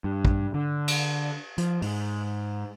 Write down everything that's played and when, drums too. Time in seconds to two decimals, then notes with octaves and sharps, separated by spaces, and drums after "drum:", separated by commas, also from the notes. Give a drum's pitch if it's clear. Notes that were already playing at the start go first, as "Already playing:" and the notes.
0.04 G2
0.25 drum: kick
0.54 D3
0.88 drum: cymbal
1.58 F3, drum: hi-hat
1.82 G#2, drum: open hi-hat